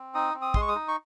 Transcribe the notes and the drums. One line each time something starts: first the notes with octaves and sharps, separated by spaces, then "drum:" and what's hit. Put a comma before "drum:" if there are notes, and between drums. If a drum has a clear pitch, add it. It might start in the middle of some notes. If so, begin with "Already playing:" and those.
Already playing: C4
D#4 D#6
C4
D#6
G#3 C6, drum: kick
C#6
D#6
D#4
C#6